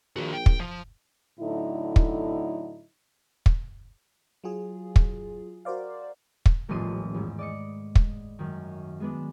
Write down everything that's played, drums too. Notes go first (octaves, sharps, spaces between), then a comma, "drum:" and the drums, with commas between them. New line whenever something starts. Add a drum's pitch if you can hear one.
A#1 D#3 F#4
G5
drum: kick
F3
A2 D3 F#3 D#4 E4
drum: kick
drum: kick
F#3 F4 G#4
drum: kick
F#4 A#4 C5 D5 F5
drum: kick
D#1 A1 F3 D#5 C6 D#7
E2 G#2
D5 D#5 C#7
drum: kick
F#2 D#3
G#3 B3 D4